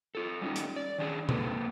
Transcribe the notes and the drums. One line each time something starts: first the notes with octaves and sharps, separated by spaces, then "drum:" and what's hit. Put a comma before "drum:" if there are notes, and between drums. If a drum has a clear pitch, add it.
F4 A4
G3 C#4 D#4
drum: hi-hat
D5
D#3 C#4 D4 G#4
A#3 C4 A4 B4 C5, drum: tom B2